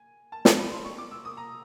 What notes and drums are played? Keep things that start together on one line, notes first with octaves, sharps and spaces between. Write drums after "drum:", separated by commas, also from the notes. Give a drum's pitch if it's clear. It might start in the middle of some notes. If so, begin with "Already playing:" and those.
Already playing: G#5
A5
A5, drum: snare
B5
C6
C#6
D6
E6
D#6
A#5